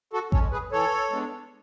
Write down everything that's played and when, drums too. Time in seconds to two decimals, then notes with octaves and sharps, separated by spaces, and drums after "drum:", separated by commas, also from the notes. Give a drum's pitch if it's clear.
0.13 F#4 A4
0.32 C#4 A4 C#5, drum: kick A1
0.38 G#3
0.52 G#4 B4
0.71 E3 A4 C#5
1.11 G#3 B3 D4